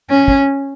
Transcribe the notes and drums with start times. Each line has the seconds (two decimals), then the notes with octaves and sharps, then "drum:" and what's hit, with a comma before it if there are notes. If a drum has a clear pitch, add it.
0.10 C#4
0.28 drum: kick